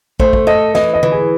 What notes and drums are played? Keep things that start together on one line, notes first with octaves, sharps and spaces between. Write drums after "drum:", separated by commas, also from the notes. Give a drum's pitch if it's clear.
A3 C5, drum: kick
drum: kick
A4 D#5
E3 D#5, drum: snare
D#5
E3, drum: tom D3
G#4